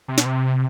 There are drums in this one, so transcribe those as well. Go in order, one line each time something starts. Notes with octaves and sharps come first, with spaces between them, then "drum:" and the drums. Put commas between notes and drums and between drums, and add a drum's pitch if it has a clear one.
C3
B2, drum: snare
C3